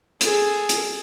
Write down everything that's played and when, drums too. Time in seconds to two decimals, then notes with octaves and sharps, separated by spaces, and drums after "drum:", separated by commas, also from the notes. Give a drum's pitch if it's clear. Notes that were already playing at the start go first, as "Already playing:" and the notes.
0.21 G#4 A4, drum: hi-hat
0.69 drum: hi-hat